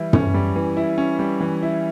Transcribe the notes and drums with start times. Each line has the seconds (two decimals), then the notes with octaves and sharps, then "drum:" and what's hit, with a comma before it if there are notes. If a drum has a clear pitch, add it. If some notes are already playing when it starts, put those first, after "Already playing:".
Already playing: E3 G3 E4
0.13 C#4, drum: tom
0.34 G3
0.56 E3
0.77 E4
0.98 C#4
1.19 G3
1.40 E3
1.63 E4